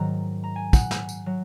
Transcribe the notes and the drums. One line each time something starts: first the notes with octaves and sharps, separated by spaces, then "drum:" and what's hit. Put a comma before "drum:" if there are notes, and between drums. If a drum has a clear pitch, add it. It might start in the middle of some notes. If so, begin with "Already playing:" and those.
Already playing: G#2 D#3 F#3 A#5
A#5
G#5
F#5, drum: kick, tambourine
drum: snare
drum: tambourine
F#3